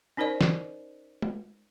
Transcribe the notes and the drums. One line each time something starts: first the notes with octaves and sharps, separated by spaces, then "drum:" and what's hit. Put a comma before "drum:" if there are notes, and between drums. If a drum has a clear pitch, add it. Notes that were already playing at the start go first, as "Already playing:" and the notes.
C#4 D#4 A#4 C5 D5 D#5
drum: snare
drum: tom G#3